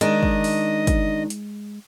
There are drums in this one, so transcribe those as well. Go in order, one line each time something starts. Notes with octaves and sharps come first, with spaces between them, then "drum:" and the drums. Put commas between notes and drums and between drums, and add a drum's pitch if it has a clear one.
D#3 G#3 D4 D#5, drum: hi-hat
drum: kick
drum: open hi-hat
drum: kick, hi-hat
drum: hi-hat